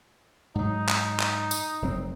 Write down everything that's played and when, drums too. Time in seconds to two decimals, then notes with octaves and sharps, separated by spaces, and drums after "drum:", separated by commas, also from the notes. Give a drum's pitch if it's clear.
0.55 G#2 F#3 D#4
0.89 drum: clap
1.20 drum: clap
1.51 drum: tambourine
1.82 F1 F#3 C4